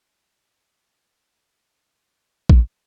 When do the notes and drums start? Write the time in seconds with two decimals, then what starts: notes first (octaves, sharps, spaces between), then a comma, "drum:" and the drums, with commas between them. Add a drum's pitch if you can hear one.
0.14 F#4 F#5
0.69 E4 C#5 D#5 G#5 A5
1.15 D5 F#5 C#6
1.34 F4 A#4 C5 D5 E5
1.63 G#4 D#5 F5 A5 B5
1.82 C4 D#4 B4
2.50 drum: kick